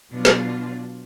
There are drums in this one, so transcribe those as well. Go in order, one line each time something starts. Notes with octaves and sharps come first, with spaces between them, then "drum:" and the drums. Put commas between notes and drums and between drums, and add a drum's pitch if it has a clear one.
B2 F#3 D4 F4
drum: snare